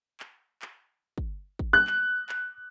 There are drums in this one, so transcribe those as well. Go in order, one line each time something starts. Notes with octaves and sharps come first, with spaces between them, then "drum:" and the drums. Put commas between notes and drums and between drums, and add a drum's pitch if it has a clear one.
drum: clap
drum: clap
drum: kick
drum: kick
F#6
drum: clap
drum: clap